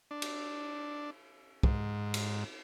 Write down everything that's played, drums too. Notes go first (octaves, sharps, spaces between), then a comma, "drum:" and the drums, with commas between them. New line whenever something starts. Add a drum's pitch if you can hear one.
D4
drum: cymbal
G#2, drum: kick
drum: cymbal